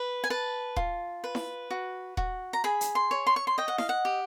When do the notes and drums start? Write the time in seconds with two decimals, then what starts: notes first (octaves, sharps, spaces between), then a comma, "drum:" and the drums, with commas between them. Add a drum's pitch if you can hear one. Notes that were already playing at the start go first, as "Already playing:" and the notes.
Already playing: B4
0.24 G#5
0.30 B4 A5
0.76 F4, drum: kick D#1
1.24 B4
1.35 drum: snare E4
1.71 F#4
2.17 F#4, drum: kick D#1
2.53 A#5
2.64 G#4 B5
2.81 drum: hi-hat
2.95 C6
3.11 C#5
3.27 C6
3.36 C#6
3.47 C6
3.58 D#5 G5
3.68 F#5
3.78 F5, drum: snare E4
3.89 F#5
4.05 G4